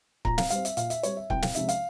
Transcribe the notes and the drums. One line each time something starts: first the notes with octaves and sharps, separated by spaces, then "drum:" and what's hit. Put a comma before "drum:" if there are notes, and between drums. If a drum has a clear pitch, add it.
A#2 A#5, drum: kick C#1
F5, drum: snare
G3 C4 F5, drum: hi-hat
E5, drum: hi-hat
A#2 F5, drum: hi-hat
E5, drum: hi-hat
G3 C4 C#5, drum: hi-hat
E5
C2 G5, drum: kick C#1
F5, drum: snare
C3 F3 G#3 C#4 E5, drum: hi-hat
F5, drum: hi-hat